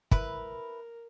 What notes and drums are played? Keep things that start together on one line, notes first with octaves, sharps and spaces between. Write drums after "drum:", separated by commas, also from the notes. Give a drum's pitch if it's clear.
E4 A#4 B4, drum: kick